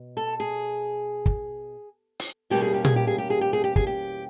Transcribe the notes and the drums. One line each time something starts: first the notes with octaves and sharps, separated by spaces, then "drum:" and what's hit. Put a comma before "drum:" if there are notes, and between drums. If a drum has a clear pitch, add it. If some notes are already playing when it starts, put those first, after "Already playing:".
Already playing: B2
A4
G#4
drum: kick
drum: hi-hat
E2 B2 G3 A#3 C#4 G4
G#4
G4
G#4, drum: tom A#2
G4
G#4
G4
G#4
G4
G#4
G4
G#4, drum: kick
G4